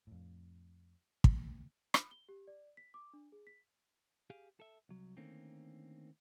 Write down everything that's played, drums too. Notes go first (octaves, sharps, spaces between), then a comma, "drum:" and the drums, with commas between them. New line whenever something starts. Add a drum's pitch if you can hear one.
F2 A2
drum: kick
B5, drum: rim click
G7
G4
D5
B6
D6
D4
G#4
B6
G4 G#4 F5
A4 E5
C2 F#3
D3 D#3 A3 A#3 C4 C#4